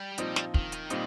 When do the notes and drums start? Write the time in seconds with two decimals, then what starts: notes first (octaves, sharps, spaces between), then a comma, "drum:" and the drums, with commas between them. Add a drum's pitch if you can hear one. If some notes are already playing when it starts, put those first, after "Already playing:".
Already playing: G3
0.18 A#2 F3 C4 D#4, drum: hi-hat
0.36 drum: snare
0.54 D#3, drum: kick
0.72 drum: hi-hat
0.90 A#2 G3 C4 D#4, drum: hi-hat